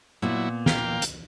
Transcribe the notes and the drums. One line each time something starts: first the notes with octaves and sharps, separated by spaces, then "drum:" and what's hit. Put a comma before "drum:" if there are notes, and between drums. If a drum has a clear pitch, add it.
A#2 F#3 B3 E4
A#3 F5 G5, drum: snare
drum: hi-hat